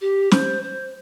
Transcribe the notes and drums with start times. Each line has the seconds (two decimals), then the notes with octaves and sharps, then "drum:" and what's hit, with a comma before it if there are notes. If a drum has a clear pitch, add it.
0.01 G4
0.31 C5, drum: snare
0.62 C5